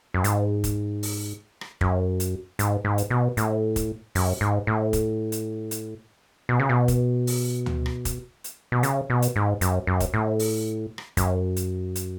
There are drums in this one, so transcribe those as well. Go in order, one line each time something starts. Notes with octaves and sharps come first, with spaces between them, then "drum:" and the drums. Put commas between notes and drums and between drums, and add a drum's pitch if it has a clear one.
F#2
G#2, drum: hi-hat
drum: kick, hi-hat
drum: open hi-hat
drum: rim click
F#2, drum: kick
drum: hi-hat
G#2, drum: hi-hat
G#2
drum: hi-hat
B2
A2, drum: hi-hat
drum: kick, hi-hat
F#2, drum: open hi-hat
G#2
A2
drum: kick, hi-hat
drum: hi-hat
drum: hi-hat
B2
C#3
B2
drum: kick, hi-hat
drum: open hi-hat
drum: tom D2
drum: rim click
drum: kick, hi-hat
drum: hi-hat
B2
C#3, drum: hi-hat
B2
drum: hi-hat
G#2
F#2, drum: hi-hat
F#2
drum: kick, hi-hat
A2
drum: open hi-hat
drum: rim click
F#2, drum: kick, hi-hat
drum: hi-hat
drum: hi-hat